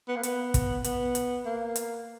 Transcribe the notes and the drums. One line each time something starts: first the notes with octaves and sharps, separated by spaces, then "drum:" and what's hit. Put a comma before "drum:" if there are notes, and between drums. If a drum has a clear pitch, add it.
B3
A#3
B3, drum: hi-hat
drum: kick, hi-hat
B3, drum: hi-hat
drum: hi-hat
A#3
drum: hi-hat